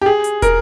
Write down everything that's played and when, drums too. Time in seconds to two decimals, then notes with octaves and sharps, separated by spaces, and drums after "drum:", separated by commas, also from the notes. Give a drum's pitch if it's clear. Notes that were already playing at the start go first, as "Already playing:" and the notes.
0.01 G4
0.06 G#4
0.24 drum: hi-hat
0.42 A#4, drum: kick, hi-hat